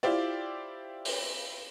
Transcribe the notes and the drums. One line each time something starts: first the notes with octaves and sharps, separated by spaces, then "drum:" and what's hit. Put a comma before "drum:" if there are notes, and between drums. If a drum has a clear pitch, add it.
E4 F4 G4 C5 D5
drum: open hi-hat